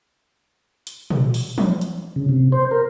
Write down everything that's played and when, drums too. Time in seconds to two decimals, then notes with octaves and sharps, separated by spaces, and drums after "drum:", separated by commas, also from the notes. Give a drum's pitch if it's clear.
0.87 drum: hi-hat
1.10 drum: tom
1.34 drum: open hi-hat
1.58 drum: tom
1.81 drum: hi-hat
2.16 C#3
2.29 C3
2.52 C5
2.71 A#4